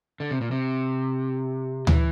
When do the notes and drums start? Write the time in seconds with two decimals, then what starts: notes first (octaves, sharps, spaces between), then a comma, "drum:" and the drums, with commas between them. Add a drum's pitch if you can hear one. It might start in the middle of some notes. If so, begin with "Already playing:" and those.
0.20 D3
0.31 C3
0.41 A#2
0.51 C3
1.87 E3, drum: tom D2